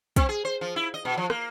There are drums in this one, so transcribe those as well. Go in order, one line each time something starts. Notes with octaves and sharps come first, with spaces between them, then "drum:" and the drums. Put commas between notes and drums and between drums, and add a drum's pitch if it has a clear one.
C4, drum: kick, hi-hat
G#4
C5
F3
E4
D#5
B2
F3
A#3, drum: rim click